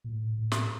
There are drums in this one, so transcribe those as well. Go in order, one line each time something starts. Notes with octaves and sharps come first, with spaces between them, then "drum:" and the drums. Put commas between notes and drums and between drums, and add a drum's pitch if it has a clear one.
A#2
A2
A2
drum: snare